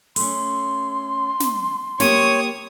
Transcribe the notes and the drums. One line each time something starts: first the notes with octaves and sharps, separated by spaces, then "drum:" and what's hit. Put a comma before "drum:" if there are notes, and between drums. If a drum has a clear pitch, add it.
A3 C#4 C6, drum: open hi-hat
drum: snare
A#3 G4 C#5 C#6 D#6, drum: snare